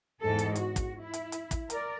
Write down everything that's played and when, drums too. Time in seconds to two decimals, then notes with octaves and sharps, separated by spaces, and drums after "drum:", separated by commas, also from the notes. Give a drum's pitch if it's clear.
0.21 E2 G#2 G#3 A4
0.39 drum: hi-hat
0.55 F#4, drum: hi-hat
0.76 drum: kick, hi-hat
1.00 E4
1.14 drum: hi-hat
1.32 drum: hi-hat
1.51 drum: kick, hi-hat
1.70 A#4 D5, drum: hi-hat